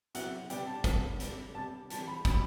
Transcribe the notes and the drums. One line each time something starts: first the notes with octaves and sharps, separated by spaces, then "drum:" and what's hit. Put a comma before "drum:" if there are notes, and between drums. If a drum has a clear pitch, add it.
C3 F#3 B3 E4 F#5, drum: hi-hat
C3 G3 B3 D4 G5, drum: hi-hat
A5
C3 G3 B3 D4, drum: kick, hi-hat
C3 G3 B3 D4, drum: hi-hat
C3 G3 B3 D4 A5
E3 G3 C4 A5, drum: hi-hat
B5
E3 G3 C4 B5, drum: kick, hi-hat